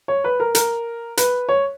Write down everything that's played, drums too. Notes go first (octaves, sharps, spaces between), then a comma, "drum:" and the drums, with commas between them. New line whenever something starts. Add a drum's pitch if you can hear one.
C#5
B4
A#4
A#4, drum: hi-hat
B4, drum: hi-hat
C#5